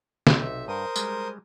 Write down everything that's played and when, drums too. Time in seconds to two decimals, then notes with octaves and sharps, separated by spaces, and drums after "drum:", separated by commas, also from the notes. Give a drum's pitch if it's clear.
0.27 B1 C3 D#4, drum: snare
0.41 E5
0.68 G2 A#4 C5 D#6
0.96 G3 G#3, drum: tambourine